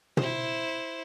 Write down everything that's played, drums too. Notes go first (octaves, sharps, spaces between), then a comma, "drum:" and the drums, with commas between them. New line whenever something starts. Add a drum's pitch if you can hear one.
E4 C5, drum: tom